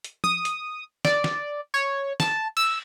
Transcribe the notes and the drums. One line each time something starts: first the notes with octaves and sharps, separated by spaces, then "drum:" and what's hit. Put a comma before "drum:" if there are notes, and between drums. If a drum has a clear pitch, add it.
drum: hi-hat
D#6, drum: tom
drum: hi-hat
D5, drum: snare
drum: snare
C#5
A5, drum: snare
E6, drum: cymbal